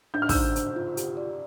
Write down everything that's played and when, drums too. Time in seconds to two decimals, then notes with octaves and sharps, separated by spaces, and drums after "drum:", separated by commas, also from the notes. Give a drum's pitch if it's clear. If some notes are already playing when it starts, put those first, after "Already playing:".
0.14 D4 G6
0.22 F6
0.29 E6 G6, drum: kick, open hi-hat
0.34 C5
0.56 C5, drum: hi-hat
0.76 F4
0.97 G4, drum: hi-hat
1.17 D5